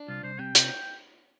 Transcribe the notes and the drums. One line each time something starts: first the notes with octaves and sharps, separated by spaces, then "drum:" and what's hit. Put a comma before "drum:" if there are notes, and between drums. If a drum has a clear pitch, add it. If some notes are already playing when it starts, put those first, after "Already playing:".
Already playing: D4
C2 F4
C2 C5
C3 G5
drum: hi-hat